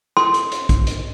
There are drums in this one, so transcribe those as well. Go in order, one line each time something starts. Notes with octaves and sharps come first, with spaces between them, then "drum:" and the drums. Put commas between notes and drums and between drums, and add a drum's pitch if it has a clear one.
C6, drum: rim click
drum: hi-hat
drum: hi-hat
drum: kick, hi-hat
drum: hi-hat